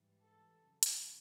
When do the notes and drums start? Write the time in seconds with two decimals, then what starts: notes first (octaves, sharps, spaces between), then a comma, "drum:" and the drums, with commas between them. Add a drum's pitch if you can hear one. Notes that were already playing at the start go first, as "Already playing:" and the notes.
Already playing: G#2 E3 G3
0.22 A4
0.63 F2 C#3 F#3
0.83 drum: hi-hat